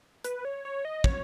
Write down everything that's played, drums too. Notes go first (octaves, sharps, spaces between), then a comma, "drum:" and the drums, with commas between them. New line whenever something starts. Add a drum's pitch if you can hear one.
B4, drum: hi-hat
C#5
C#5
D#5
C#5, drum: kick